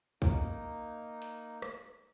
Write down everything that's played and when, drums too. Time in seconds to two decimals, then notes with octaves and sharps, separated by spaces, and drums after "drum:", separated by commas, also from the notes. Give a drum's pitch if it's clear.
0.22 A#3 D#4, drum: kick
1.22 drum: hi-hat
1.62 drum: rim click